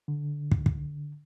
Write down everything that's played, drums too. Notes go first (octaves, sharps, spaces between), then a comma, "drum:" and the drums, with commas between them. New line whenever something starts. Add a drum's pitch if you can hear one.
D3
drum: kick
drum: kick